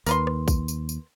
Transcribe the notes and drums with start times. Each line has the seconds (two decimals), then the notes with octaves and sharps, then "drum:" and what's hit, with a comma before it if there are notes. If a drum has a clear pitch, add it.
0.06 D#2 A#4 B4 C6, drum: tambourine
0.27 drum: rim click
0.48 drum: kick A#1, tambourine
0.68 drum: tambourine
0.89 drum: tambourine